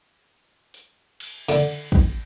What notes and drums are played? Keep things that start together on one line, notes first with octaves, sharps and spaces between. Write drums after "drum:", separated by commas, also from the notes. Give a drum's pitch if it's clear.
drum: hi-hat
drum: cymbal
D3, drum: cymbal
drum: kick